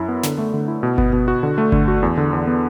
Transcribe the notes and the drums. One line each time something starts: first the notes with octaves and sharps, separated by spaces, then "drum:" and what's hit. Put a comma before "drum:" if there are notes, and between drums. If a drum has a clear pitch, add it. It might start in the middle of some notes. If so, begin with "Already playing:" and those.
Already playing: F#2 E4
B3
D3, drum: snare
A3
D3
E4
B2
B3, drum: kick G1
B2
F#4
D3
A3
D3, drum: kick G1
F#4
E2
D3
E2
B3